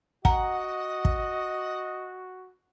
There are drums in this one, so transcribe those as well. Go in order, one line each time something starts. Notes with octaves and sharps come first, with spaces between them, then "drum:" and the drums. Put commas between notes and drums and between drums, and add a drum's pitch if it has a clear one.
F#4 D#5 F#5 A#5, drum: kick
drum: kick